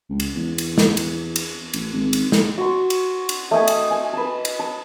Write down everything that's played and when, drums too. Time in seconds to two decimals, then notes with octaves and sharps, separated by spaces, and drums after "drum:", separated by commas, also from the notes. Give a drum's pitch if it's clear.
0.09 C#2
0.20 drum: cymbal
0.36 E2
0.58 drum: cymbal
0.78 drum: snare
0.97 drum: cymbal
1.36 drum: cymbal
1.73 A1, drum: cymbal
1.94 G#1
2.13 drum: cymbal
2.32 drum: snare
2.58 F#4 C6
2.90 drum: cymbal
3.29 drum: cymbal
3.51 A3 D#5 G5 G#5
3.68 drum: cymbal
3.91 G#5
4.13 B4 A5
4.45 drum: cymbal
4.59 A5